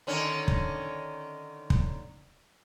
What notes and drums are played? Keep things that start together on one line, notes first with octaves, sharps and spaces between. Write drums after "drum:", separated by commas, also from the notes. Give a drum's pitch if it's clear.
D3 D#3 C#4
drum: kick
drum: kick